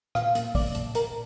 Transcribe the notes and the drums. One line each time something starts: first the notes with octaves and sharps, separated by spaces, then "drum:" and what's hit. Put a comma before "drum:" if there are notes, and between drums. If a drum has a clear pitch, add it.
A#2 F5, drum: rim click
A#3, drum: hi-hat
A#3 D5, drum: kick, open hi-hat
A#2, drum: hi-hat
A#2 A#4, drum: hi-hat